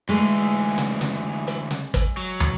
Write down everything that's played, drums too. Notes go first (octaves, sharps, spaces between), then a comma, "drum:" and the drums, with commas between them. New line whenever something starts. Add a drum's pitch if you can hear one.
D2 E3 G#3 A3
drum: snare
drum: snare
drum: hi-hat
drum: snare
drum: kick, hi-hat
F#3
drum: tom